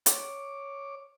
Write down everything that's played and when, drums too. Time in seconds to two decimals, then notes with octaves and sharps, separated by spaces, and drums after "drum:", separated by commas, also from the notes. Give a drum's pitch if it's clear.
0.06 C#5 D6, drum: hi-hat